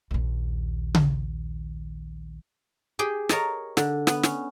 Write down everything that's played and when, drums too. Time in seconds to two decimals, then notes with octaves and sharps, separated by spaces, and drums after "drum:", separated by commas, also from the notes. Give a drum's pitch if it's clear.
0.11 A#1 D#2
0.95 drum: tom C#3
2.99 G4 G#4 G5
3.29 A#4 C#5 D#5 A5, drum: snare
3.77 D3, drum: snare
4.07 B3, drum: snare
4.23 C#4, drum: snare